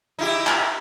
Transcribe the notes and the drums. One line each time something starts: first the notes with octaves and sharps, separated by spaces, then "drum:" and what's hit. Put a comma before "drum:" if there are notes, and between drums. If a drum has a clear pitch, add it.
D#4 E4 G4
drum: clap